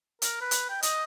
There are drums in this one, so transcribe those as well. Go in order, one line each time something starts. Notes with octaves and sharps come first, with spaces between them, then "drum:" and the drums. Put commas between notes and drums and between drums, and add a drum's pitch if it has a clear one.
A#4, drum: hi-hat
B4
drum: hi-hat
G5
D#5, drum: hi-hat